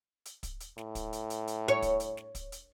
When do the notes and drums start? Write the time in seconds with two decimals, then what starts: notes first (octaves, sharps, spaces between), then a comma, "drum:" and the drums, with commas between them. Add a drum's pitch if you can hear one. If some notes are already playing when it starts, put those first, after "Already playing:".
0.25 drum: hi-hat
0.43 drum: kick, hi-hat
0.60 drum: hi-hat
0.78 A2, drum: snare
0.95 drum: kick, hi-hat
1.13 drum: hi-hat
1.30 drum: hi-hat
1.47 drum: hi-hat
1.68 C#5
1.82 drum: kick, hi-hat
2.00 drum: hi-hat
2.17 drum: snare
2.35 drum: kick, hi-hat
2.52 drum: hi-hat